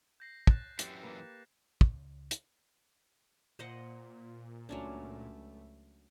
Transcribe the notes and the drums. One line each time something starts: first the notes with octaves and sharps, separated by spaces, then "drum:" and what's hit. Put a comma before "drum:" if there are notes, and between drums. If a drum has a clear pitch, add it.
G6 A#6 C7
F#6 A6 E7, drum: kick
F#2 E3 G4 A6 C#7 E7, drum: hi-hat
A#3 B4
C#2, drum: kick
drum: hi-hat
A#2 C5 D#5 F#5
C#2 F#3 A3 C#4 D4